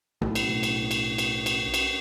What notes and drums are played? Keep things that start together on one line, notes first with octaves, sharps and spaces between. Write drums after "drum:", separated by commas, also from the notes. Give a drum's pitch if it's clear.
B1 A2, drum: tom B2
drum: cymbal
drum: cymbal
drum: cymbal
drum: cymbal
drum: cymbal
drum: cymbal